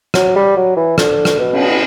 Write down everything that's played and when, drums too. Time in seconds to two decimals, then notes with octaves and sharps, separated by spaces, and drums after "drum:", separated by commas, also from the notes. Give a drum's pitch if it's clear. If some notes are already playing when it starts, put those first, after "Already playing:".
0.14 F#3, drum: rim click
0.36 G3
0.57 F#3
0.77 E3
0.98 D3, drum: rim click
1.25 drum: rim click
1.39 B2
1.53 drum: cymbal